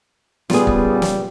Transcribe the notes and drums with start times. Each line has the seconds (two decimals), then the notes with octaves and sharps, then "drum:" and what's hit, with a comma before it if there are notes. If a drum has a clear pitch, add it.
0.50 A#2 C#3 G3 B3 F4 G#4, drum: snare
0.67 drum: kick
1.02 drum: snare